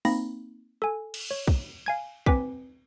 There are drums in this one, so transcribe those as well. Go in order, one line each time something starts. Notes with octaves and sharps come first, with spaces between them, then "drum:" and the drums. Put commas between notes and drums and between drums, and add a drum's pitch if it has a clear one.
A#3 C4 D#4 B5 A#6, drum: open hi-hat
A4 G#5
drum: cymbal
C#5
drum: kick
F5 G#5 G#6
C4 B4 G#5 D6 B6, drum: kick